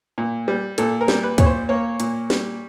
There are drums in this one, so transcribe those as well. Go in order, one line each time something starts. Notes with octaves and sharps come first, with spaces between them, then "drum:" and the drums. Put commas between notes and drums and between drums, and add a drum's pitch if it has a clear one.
A#2
G3
A#2 A4, drum: hi-hat
A#4
G3, drum: snare
B4
A#2 C#5, drum: kick D2, hi-hat
C5
A#3 C#5
A#2, drum: hi-hat
G3, drum: snare